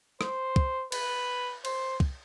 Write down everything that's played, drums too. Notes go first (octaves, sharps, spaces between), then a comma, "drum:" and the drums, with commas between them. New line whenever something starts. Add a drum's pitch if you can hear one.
C5, drum: rim click
drum: kick
B4, drum: cymbal
C5, drum: cymbal
drum: kick